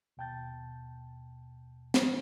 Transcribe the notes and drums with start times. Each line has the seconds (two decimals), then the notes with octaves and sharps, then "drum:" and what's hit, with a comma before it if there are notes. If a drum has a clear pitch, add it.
0.17 D#2 B2 G5 A5 G6 A6
1.94 drum: snare